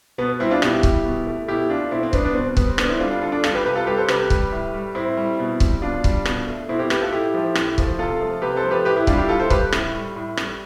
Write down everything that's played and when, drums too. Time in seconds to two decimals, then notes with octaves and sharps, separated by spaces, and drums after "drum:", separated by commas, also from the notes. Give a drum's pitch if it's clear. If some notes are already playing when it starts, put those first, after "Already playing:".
0.18 B2 B3
0.40 G3 C4 E4
0.51 D4 F4
0.62 B2 E4 G4, drum: rim click
0.83 G3, drum: kick C#1
1.05 B2
1.27 A3
1.48 B2 E4 G4
1.70 A3 D4 F4
1.91 B2 C4 E4
2.03 C4
2.13 G3 B3 D4, drum: kick C#1
2.25 B3 D4
2.35 B2 C4
2.57 G3 B3, drum: kick C#1
2.68 C4
2.78 D3 B3 D4, drum: rim click
2.89 C4 E4
3.00 G3 D4 F4
3.11 D4 F4
3.22 D3 F4 A4
3.32 D4 F4
3.44 G3 F4 A4, drum: rim click
3.54 G4 B4
3.65 C3 G4 B4
3.76 F4 A4
3.87 G3 G4 B4
3.98 A4 C5
4.08 C3 G4 B4, drum: rim click
4.30 G3, drum: kick C#1
4.52 A2
4.74 G3
4.95 A2 C4 E4
5.17 G3
5.39 B2
5.60 G3, drum: kick C#1
5.82 B2 D4 F4
6.04 G3, drum: kick C#1
6.25 B2, drum: rim click
6.47 A3
6.69 B2 C4 E4
6.79 E4 G4
6.90 A3 G4 B4, drum: rim click
7.01 F4 A4
7.12 A2 E4 G4
7.34 F3 A3
7.55 A2, drum: rim click
7.78 F3 A3, drum: kick C#1
7.99 C3 F4 A4
8.20 F3 A3
8.42 C3 G4 B4
8.57 A4 C5
8.64 F3 A3
8.71 G4 B4
8.85 A2 G4 B4
8.96 E4 G4
9.07 G3 D4 F4, drum: kick C#1
9.18 E4 G4
9.28 A2 F4 A4
9.40 A4 C5
9.50 G3 G4 B4, drum: kick C#1
9.72 A2, drum: rim click
9.95 G3
10.16 A2
10.37 G3, drum: rim click